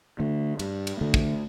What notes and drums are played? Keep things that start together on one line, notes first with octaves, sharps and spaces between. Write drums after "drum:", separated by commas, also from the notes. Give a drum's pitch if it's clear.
D3 A3
G2, drum: cymbal
drum: cymbal
D3 A3
drum: kick